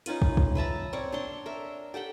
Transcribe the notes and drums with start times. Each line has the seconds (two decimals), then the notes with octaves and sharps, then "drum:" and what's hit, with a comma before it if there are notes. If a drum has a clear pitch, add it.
0.06 C#4 D#4 F4 B4, drum: hi-hat
0.22 drum: kick
0.37 drum: kick
0.55 B4 E5 A5 A#5
0.93 C4 C#5 D5 A#5
1.12 D4 C#5 C6
1.46 A#4 E5
1.94 G4 A4 F#5 G5